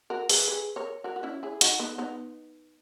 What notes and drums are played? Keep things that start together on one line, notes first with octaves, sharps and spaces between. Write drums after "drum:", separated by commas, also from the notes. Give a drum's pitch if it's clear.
F#4 A#4
G#4 B4, drum: open hi-hat
G#4 B4
A#4 C#5
F#4 A#4
F#4
C#4 E4
E4 G#4
D#4 F#4, drum: hi-hat
B3 D#4
B3 D#4